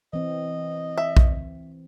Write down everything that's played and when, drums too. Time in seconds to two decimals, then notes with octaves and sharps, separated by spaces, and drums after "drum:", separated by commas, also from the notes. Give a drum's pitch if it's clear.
0.13 E3 C4 D#5
0.98 E5
1.17 drum: kick A#1